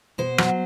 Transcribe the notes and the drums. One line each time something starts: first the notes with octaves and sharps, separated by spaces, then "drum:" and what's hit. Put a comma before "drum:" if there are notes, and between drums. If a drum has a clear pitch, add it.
B2 C5
F#3, drum: rim click